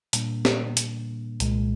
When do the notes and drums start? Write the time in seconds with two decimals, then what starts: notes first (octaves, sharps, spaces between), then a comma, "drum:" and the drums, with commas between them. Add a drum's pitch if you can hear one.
0.13 A#2 G3 A#3 D4, drum: hi-hat
0.45 drum: snare
0.77 drum: hi-hat
1.40 C2 A#2 G#3, drum: hi-hat